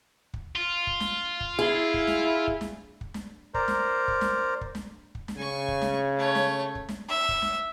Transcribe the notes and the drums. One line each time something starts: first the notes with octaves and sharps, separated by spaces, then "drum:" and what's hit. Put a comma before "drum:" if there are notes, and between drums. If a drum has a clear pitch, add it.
drum: kick
F4
drum: kick
drum: snare
drum: kick
E4 G#4
drum: kick
drum: snare
drum: kick
drum: snare
drum: kick
drum: snare
A#4 C5 D5 A#5, drum: kick
drum: snare
drum: kick
drum: snare
drum: kick
drum: snare
drum: kick
drum: snare
C#3 G#5 C#6
drum: kick
drum: snare
A3 C#5
drum: snare
drum: kick
drum: snare
E5
drum: kick
drum: snare